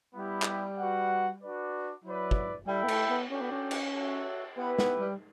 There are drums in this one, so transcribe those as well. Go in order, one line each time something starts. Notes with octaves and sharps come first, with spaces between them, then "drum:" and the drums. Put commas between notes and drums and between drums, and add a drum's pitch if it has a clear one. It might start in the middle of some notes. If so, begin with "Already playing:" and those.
G3 B3 E4 G4
drum: clap
F#4 B4 F#5
D4 F#4 B4 D5
F#3 E4 B4 D5
drum: kick
G3 E4 A4 E5 G5
B3
A3, drum: cymbal
B3
C#4 D4 F#4 A4 D5 G5
B3
C#4
drum: cymbal
F#4 A4 C#5 E5
B3 E4 G4 B4
B3, drum: snare
G3